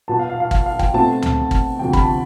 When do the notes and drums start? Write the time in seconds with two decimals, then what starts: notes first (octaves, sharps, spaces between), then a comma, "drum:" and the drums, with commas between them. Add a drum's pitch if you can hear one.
0.08 B2 B3 A5
0.19 F5
0.30 F5
0.40 F5
0.51 F5, drum: kick G#1
0.66 F5
0.79 G5, drum: kick G#1
0.94 B2 A3 C4 A5
1.22 drum: tom
1.51 drum: kick G#1
1.79 D2 C3 F3 G5
1.93 B5, drum: kick G#1
2.01 A5